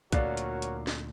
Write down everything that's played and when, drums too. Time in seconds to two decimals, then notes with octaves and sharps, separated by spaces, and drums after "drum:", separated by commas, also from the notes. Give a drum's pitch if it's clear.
0.12 D2 A#2 F#4 A#4 C#5 D5 F5 F#6, drum: kick, hi-hat
0.37 drum: hi-hat
0.62 drum: hi-hat
0.87 drum: snare